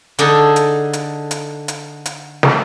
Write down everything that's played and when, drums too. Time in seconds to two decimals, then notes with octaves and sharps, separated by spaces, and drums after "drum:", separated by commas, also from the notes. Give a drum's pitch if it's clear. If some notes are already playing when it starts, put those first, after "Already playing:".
0.19 D3 D4 D#4 G#4 A4, drum: hi-hat
0.56 drum: hi-hat
0.93 drum: hi-hat
1.31 drum: hi-hat
1.68 drum: hi-hat
2.06 drum: hi-hat
2.43 drum: snare